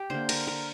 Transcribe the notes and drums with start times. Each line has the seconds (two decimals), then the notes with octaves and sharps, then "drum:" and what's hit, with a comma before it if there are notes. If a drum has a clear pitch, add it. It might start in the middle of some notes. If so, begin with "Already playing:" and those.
Already playing: G4
0.10 D3 A#3 C5
0.29 A#4, drum: cymbal
0.47 A#4